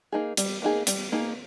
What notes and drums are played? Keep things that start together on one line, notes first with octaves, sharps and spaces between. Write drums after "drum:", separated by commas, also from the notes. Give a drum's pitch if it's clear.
A#3 D#4 G#4
G3, drum: hi-hat
A#3 D#4 G#4
G3, drum: hi-hat
A#3 D#4 G#4